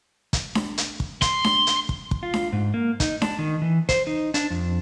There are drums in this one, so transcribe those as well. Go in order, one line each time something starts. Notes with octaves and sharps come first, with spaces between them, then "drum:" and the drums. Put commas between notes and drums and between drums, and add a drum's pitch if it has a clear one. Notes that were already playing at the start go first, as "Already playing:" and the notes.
drum: kick, hi-hat
drum: snare D4
drum: hi-hat
drum: kick
C6, drum: kick, hi-hat
drum: snare D4
drum: hi-hat
drum: kick
drum: kick
F4
drum: snare D4
G#2
A#3
D#4, drum: kick, hi-hat
D4, drum: snare D4
D#3
E3
C5, drum: kick, hi-hat
D#4
D4, drum: hi-hat
F2